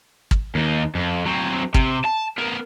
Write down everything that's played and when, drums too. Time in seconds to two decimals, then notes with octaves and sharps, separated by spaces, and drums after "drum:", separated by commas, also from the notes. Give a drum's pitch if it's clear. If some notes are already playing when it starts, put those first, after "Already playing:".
0.31 drum: kick
0.55 D#2 D#4
0.95 F2
1.26 F#3 C4
1.74 C3, drum: kick
2.05 A5
2.38 B3 A#4